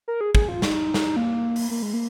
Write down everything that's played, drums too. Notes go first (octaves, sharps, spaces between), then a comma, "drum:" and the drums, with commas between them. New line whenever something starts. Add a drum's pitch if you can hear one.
A#4
G#4
G#4, drum: kick
F4
D#4, drum: snare
drum: snare
A#3
drum: open hi-hat
A#3
G#3
A#3